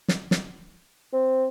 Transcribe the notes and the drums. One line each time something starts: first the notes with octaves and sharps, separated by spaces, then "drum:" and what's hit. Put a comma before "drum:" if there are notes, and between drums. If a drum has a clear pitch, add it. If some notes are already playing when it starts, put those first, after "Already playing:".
drum: snare
drum: snare
C4